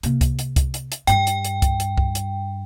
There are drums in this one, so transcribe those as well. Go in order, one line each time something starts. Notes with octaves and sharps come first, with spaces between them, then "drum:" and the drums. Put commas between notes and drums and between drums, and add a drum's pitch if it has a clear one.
C3 A#3, drum: hi-hat
drum: kick C2, hi-hat
drum: hi-hat
drum: kick C2, hi-hat
drum: hi-hat
drum: hi-hat
G2 G3 G5, drum: hi-hat
drum: hi-hat
drum: hi-hat
drum: kick C2, hi-hat
drum: hi-hat
drum: kick C2
drum: hi-hat